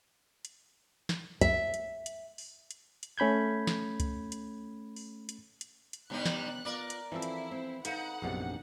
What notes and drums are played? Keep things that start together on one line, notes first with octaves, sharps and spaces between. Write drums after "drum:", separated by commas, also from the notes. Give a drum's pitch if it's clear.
drum: hi-hat
drum: snare
E5, drum: kick, hi-hat
drum: hi-hat
drum: hi-hat
drum: open hi-hat
drum: hi-hat
drum: hi-hat
A3 C#4 B5 G6 G#6
drum: snare
drum: kick, hi-hat
drum: hi-hat
drum: open hi-hat
drum: hi-hat
drum: hi-hat
drum: hi-hat
G2 C#3 G3 B3 D#4 G5 F#6
drum: snare
B3 F4 A#4 D5
drum: hi-hat
E3 F3 C4 E4 A4 E5
drum: hi-hat
C4
D#4 A4 B4 F5 F#5, drum: hi-hat
A#1 F#2 C3 B3 D4 G#4